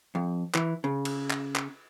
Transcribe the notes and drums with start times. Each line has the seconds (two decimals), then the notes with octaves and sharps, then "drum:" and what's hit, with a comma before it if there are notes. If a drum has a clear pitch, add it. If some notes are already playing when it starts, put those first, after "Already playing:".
0.15 F2
0.55 E3, drum: clap
0.84 C#3
1.05 drum: cymbal
1.31 drum: clap
1.56 drum: clap